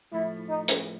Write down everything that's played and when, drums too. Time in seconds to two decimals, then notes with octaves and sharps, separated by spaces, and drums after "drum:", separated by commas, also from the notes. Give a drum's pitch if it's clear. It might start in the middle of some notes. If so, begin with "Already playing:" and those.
0.12 A2 F3 A3 E4
0.49 D#4
0.68 drum: hi-hat